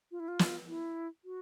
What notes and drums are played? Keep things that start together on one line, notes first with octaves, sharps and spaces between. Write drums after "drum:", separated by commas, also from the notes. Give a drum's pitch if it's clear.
F4
E4
F4
drum: snare
E4
F#4